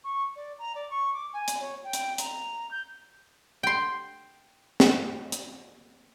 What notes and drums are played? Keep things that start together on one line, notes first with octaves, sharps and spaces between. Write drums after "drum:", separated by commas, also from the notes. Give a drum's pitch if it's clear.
C#6
D5
A#5
D5
C#6
D6
G#5
drum: hi-hat
C#5
G5
drum: hi-hat
A#5, drum: hi-hat
G6
G5 C6
drum: snare
drum: hi-hat